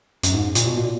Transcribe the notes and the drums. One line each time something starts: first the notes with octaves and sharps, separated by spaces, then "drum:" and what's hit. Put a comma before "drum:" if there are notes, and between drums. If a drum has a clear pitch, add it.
F#2, drum: hi-hat
G#2
A#2, drum: hi-hat
B2
A#2